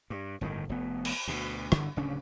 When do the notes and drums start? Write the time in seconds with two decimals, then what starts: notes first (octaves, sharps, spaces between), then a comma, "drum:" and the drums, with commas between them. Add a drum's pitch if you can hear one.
0.10 G2
0.41 G1 A2 D3 D#3
0.69 F1 B3
1.05 drum: cymbal
1.28 D2 B2
1.72 G1 D3 E3, drum: rim click
1.96 D1 C#3 C#4 D4